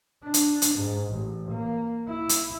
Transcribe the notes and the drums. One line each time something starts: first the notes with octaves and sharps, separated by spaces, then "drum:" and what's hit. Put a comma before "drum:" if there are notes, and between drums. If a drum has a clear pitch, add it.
D4
drum: hi-hat
drum: hi-hat
G#2
A1
A#3
E4
drum: hi-hat